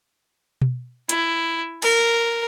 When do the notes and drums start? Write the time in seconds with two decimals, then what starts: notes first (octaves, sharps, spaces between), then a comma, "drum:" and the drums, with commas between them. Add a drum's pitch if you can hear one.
0.62 drum: tom B2
1.09 E4, drum: hi-hat
1.82 A#4, drum: cymbal